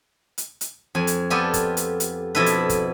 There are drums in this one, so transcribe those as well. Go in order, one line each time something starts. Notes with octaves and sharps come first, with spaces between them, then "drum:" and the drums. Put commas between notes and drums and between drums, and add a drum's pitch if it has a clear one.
drum: hi-hat
drum: hi-hat
F2 G#5
drum: hi-hat
B3 F4 G4 A4 D5 G#5
drum: kick, hi-hat
drum: hi-hat
drum: hi-hat
F2 B2 E4 A4 B4
drum: hi-hat
drum: kick, hi-hat